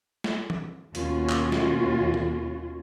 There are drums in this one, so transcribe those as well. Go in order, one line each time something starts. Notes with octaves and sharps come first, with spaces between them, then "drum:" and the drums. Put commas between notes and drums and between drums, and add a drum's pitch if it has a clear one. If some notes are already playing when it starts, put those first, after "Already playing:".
drum: snare
drum: tom E3
D#2 B2 C#4 F4 F#4, drum: hi-hat
drum: clap
drum: snare
drum: tom D#3